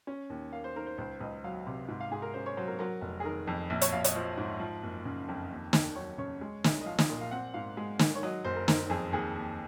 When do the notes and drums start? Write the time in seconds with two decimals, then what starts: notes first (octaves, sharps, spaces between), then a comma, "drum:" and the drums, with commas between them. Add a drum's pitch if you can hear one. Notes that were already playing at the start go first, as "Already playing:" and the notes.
0.07 C#4
0.30 D#2
0.53 A#3 F5
0.64 C5
0.76 D#3 A#4
0.86 C5
0.98 C#2 C5
1.20 C#2 D#5
1.44 F#3 F5
1.67 C3
1.88 G#2
2.00 F5
2.11 G#2 G#4
2.22 A#4
2.33 C#4 C5
2.46 C#5
2.57 F#3 C5
2.67 A#4
2.79 F#3 A#4
3.01 F1
3.20 G#4
3.25 D#3 A#4
3.47 F2
3.70 A#1
3.81 C#5, drum: hi-hat
3.93 A#1 F5
4.04 D#5, drum: hi-hat
4.15 F3 C5
4.38 G#2
4.60 F3
4.83 F#1
5.05 C#3
5.29 F2
5.51 D#2
5.73 D#2, drum: snare
5.95 F#3 C#5
6.18 C#3 C#5
6.41 G#3
6.64 C2, drum: snare
6.81 D#5
6.86 F3 F5
6.98 D#5, drum: snare
7.10 A#2
7.21 F5
7.31 C4 F#5
7.54 G#2 F5
7.77 G#3
7.99 D#3, drum: snare
8.15 C#5
8.23 F#3 D#5
8.44 F#1 C5
8.56 A#4
8.68 D#3 A#4, drum: snare
8.90 F2 G#4
9.12 D#2 G#4
9.36 D#2